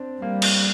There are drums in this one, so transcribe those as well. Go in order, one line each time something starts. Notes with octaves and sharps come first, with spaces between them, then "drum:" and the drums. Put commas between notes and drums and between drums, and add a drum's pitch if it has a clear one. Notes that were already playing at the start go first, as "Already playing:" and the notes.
Already playing: C4 D4
G3 A#3
drum: cymbal